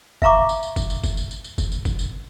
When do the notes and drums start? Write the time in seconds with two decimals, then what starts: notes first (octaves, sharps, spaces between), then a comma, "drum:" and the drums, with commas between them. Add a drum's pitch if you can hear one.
0.22 E5 F5 A#5 C#6 D6, drum: kick
0.49 drum: tambourine
0.63 drum: tambourine
0.76 drum: kick, tambourine
0.90 drum: tambourine
1.04 drum: kick, tambourine
1.17 drum: tambourine
1.31 drum: tambourine
1.44 drum: tambourine
1.58 drum: kick, tambourine
1.72 drum: tambourine
1.85 drum: kick, tambourine
1.99 drum: tambourine